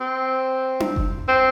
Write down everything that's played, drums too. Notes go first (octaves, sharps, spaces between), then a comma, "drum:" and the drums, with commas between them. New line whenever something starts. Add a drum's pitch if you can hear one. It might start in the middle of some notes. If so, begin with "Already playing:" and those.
C4
drum: tom D4
drum: kick F#1
C4